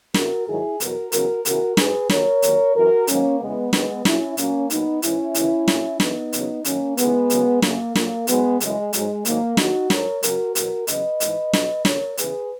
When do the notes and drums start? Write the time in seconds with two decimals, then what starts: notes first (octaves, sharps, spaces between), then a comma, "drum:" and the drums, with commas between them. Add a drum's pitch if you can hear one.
0.14 E2 C#3 E3 F#4 A#4, drum: snare
0.47 G#2 D#3 F#3 E4 G#4
0.80 E2 B2 F#3 F#4 A#4, drum: hi-hat
1.12 E2 C#3 F#3 F#4 A#4, drum: hi-hat
1.45 E2 C#3 E3 F#4 A#4, drum: hi-hat
1.77 G#2 F#3 G#4 B4, drum: snare
2.09 D#2 D#3 F#3 A#4 C#5, drum: snare
2.42 D#2 D#3 F#3, drum: hi-hat
2.74 F#2 E3 F#4 A#4
3.07 G#2 D#3 F#3 A#3 C#4, drum: hi-hat
3.40 E2 C#3 E3 G#3 B3
3.73 D#2 D#3 F#3 G#3 B3, drum: snare
4.05 A#2 F#3 C#4 E4, drum: snare
4.37 A#2 F#3 A#3 C#4, drum: hi-hat
4.70 A#2 F#3 B3 D#4, drum: hi-hat
5.02 G#2 E3 C#4 E4, drum: hi-hat
5.35 D#2 C#3 E3, drum: hi-hat
5.68 A#2 F#3, drum: snare
6.00 F#2 E3 B3 D#4, drum: snare
6.33 E2 C#3 F#3, drum: hi-hat
6.65 F#2 D#3 F#3 A#3 C#4, drum: hi-hat
6.97 D#2 C#3 E3 G#3 B3, drum: hi-hat
7.30 D#2 C#3 F#3, drum: hi-hat
7.62 F#2 C#3 F#3 A#3, drum: snare
7.95 A#2 F#3 A#3, drum: snare
8.27 G#2 F#3 G#3 B3, drum: hi-hat
8.60 F#2 C#3 E3 G#3, drum: hi-hat
8.93 G#2 F#3 G#3, drum: hi-hat
9.25 G#2 D#3 F#3 A#3, drum: hi-hat
9.57 D#2 D#3 F#3 D#4 F#4, drum: snare
9.90 G#2 F#3 A#4 C#5, drum: snare
10.23 F#2 C#3 F#3 F#4 A#4, drum: hi-hat
10.55 E2 B2 F#3 F#4 A#4, drum: hi-hat
10.87 E2 C#3 F#3 B4 D#5, drum: hi-hat
11.20 G#2 E3, drum: hi-hat
11.53 E2 B2 F#3, drum: snare
11.85 D#2 C#3 F#3 A#4 C#5, drum: snare
12.18 E2 C#3 E3 G#4 B4, drum: hi-hat